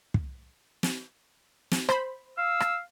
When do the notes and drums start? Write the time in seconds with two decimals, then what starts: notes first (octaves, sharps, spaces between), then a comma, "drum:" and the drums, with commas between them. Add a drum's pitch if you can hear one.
0.14 drum: kick
0.83 drum: snare
1.71 drum: snare
1.89 C5 B5, drum: rim click
2.38 F5 E6
2.60 drum: rim click